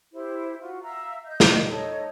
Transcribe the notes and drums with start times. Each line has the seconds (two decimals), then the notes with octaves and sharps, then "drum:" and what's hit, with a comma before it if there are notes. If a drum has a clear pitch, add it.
0.13 E4 G4 C5
0.61 F4 F#4
0.83 E5 F5 A#5 E6
1.26 D#5 G6
1.40 drum: snare
1.66 D#4 A4 C#5